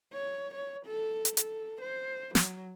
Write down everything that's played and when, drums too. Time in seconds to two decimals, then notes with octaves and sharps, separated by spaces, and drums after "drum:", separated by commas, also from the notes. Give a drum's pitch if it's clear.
0.13 C#5
0.54 C#5
0.86 A4
1.25 drum: hi-hat
1.37 A4, drum: hi-hat
1.81 C5
2.35 F#3, drum: snare